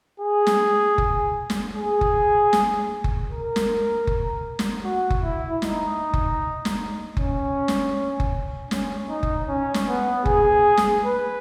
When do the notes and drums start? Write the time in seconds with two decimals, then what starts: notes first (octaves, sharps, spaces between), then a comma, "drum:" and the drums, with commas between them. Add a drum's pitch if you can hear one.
0.20 G#4
0.47 drum: snare
0.98 drum: kick F#1
1.50 drum: snare
1.76 G#4
2.01 drum: kick F#1
2.53 drum: snare
3.04 drum: kick F#1
3.30 A#4
3.56 drum: snare
4.07 drum: kick F#1
4.59 drum: snare
4.85 F#4
5.10 drum: kick F#1
5.23 E4
5.62 D#4, drum: snare
6.14 drum: kick F#1
6.65 drum: snare
7.17 C#4, drum: kick F#1
7.68 drum: snare
8.20 drum: kick F#1
8.71 C#4, drum: snare
9.09 D#4
9.23 drum: kick F#1
9.49 C#4
9.74 drum: snare
9.88 B3
10.26 G#4, drum: kick F#1
10.77 drum: snare
11.04 B4